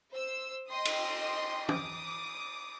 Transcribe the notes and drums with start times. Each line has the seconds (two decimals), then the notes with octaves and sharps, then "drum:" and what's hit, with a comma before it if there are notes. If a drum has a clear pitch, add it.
0.13 C5 E6
0.71 D#5 G5 C6 D#6
0.85 drum: cymbal
1.69 D6 D#6, drum: tom